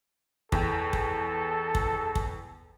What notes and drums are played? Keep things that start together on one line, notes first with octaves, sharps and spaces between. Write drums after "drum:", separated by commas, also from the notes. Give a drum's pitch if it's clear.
E2 A4 G5, drum: kick
drum: kick
drum: kick
drum: kick